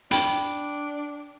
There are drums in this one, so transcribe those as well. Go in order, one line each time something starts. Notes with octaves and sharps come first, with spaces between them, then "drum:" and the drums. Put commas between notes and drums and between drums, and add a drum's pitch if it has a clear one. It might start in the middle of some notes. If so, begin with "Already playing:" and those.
D4 G5 B5, drum: hi-hat